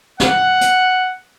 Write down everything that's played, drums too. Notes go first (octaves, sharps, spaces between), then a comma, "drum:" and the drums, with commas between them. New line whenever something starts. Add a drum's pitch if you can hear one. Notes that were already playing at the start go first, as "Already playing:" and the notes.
F#5, drum: snare
drum: hi-hat